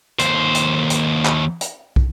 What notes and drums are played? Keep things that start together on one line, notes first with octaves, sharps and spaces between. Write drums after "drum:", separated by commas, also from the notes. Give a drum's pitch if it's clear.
D#2 C5, drum: hi-hat
drum: hi-hat
drum: hi-hat
drum: clap
drum: hi-hat
drum: kick